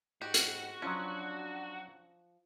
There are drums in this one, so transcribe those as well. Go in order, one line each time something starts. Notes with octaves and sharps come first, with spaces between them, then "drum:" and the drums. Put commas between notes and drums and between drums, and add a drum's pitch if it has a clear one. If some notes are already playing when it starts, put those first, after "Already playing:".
G#2 F#4 G4
drum: hi-hat
F3 F#3 C#4 D4